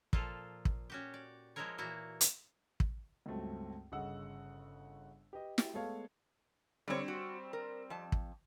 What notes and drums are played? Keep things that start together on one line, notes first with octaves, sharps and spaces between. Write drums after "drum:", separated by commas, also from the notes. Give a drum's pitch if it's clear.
A#2 F3 F4 A4, drum: kick
drum: kick
C#4 F#4 G4
D5
F3 G#3 E4 F#4 A#4 C#5
A#2 E3 A#3 E4 F#4
drum: hi-hat
drum: kick
C#2 G2 F#3 A3 C4
G1 C#3 D#5 F#5 E6
G4 B4 D#5
E4 F#4 G4, drum: snare
G#3 A3 B3 A4 C#5 F5
D3 G3 C4 C#5
F#4
A#4
F2 A5
drum: kick